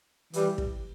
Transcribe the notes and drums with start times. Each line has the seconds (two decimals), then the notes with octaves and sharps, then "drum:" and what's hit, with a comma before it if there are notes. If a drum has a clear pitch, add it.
0.33 E3 G3, drum: hi-hat
0.58 drum: kick